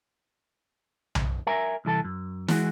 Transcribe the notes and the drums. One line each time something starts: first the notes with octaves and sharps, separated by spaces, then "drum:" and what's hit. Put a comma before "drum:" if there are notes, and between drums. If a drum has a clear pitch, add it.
drum: tom B1
A#4 E5 G#5 A#5
C2 E3 A4 A5
F#2
E3 G#3 F#4, drum: snare